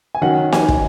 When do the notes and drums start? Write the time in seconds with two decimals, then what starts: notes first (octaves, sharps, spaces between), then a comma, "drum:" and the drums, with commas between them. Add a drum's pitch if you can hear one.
0.15 G#5
0.22 D#3 F#3 C#4 F#5
0.52 G#5, drum: snare
0.68 drum: kick